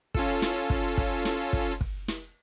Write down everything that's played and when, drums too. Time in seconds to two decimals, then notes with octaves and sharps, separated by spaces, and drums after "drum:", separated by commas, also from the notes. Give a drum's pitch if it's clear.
0.14 C#4 F4 A4, drum: kick
0.42 drum: snare
0.70 drum: kick
0.98 drum: kick
1.25 drum: snare
1.53 drum: kick
1.81 drum: kick
2.08 drum: snare